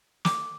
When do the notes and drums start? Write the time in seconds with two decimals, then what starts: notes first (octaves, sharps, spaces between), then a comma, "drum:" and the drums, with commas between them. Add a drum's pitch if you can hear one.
0.25 D6, drum: snare